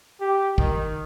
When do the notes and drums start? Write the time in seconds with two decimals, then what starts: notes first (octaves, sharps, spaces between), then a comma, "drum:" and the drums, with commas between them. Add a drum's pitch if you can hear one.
0.21 G4
0.58 D#3, drum: kick